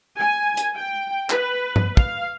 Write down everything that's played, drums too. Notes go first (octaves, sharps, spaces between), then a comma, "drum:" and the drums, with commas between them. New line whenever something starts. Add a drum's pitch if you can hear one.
G#5
drum: hi-hat
G5
B4, drum: clap
drum: tom G2
F5, drum: kick